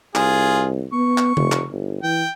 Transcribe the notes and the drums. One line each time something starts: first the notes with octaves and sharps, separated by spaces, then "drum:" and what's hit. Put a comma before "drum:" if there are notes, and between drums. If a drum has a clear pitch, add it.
C2 F4 G#4, drum: clap
B3 C#6
drum: clap
F1, drum: tom C#3
drum: clap
G1
E3 G5